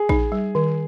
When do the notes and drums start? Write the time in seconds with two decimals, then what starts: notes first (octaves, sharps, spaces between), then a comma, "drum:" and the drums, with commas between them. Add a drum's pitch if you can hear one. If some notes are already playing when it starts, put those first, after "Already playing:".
Already playing: G#4
0.09 D#4, drum: kick A#1
0.32 G3
0.55 D#3